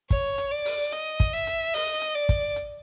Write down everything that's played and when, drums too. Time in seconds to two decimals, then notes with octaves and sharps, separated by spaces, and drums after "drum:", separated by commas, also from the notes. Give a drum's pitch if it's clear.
0.11 C#5, drum: kick, hi-hat
0.38 drum: hi-hat
0.51 D5
0.65 drum: open hi-hat
0.92 D#5, drum: hi-hat
1.20 drum: kick, hi-hat
1.33 E5
1.47 drum: hi-hat
1.74 D#5, drum: open hi-hat
2.02 drum: hi-hat
2.15 D5
2.29 drum: kick, hi-hat
2.56 drum: hi-hat